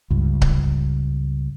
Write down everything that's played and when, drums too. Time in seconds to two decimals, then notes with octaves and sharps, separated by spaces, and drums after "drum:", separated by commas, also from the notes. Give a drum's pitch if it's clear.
0.10 C#2 G2
0.41 drum: kick C#1